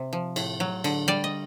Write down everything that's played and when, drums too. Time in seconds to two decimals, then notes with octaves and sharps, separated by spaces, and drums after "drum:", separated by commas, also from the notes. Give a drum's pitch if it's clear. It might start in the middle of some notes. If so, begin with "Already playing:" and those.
Already playing: C3
0.13 F3
0.36 A2, drum: cymbal
0.60 F#3
0.84 D3, drum: cymbal
1.08 G3 D5
1.24 D#5